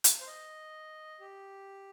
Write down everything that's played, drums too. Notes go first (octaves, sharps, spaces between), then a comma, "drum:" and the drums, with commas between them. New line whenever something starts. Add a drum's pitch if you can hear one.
drum: hi-hat
C5
D#5
G4